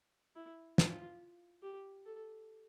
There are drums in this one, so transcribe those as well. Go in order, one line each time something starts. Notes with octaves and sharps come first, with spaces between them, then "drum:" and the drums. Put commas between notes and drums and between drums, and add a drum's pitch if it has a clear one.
E4
F4, drum: snare
G4
A4